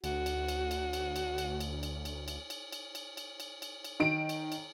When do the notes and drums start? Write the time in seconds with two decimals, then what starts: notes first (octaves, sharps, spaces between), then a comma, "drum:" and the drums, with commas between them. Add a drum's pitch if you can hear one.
0.04 D2 F#4, drum: cymbal
0.26 drum: cymbal
0.48 drum: cymbal
0.71 drum: cymbal
0.93 drum: cymbal
1.16 drum: cymbal
1.38 drum: cymbal
1.60 drum: cymbal
1.83 drum: cymbal
2.05 drum: cymbal
2.28 drum: cymbal
2.50 drum: cymbal
2.72 drum: cymbal
2.95 drum: cymbal
3.17 drum: cymbal
3.40 drum: cymbal
3.62 drum: cymbal
3.84 drum: cymbal
4.00 D#3 D7
4.29 drum: cymbal
4.52 drum: cymbal